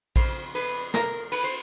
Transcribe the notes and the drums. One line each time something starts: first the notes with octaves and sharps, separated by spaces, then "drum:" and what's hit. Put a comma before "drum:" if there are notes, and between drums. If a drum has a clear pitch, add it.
F2 C#3 C5, drum: kick A#1, cymbal
B4, drum: cymbal
A#4, drum: snare
B4, drum: cymbal
C5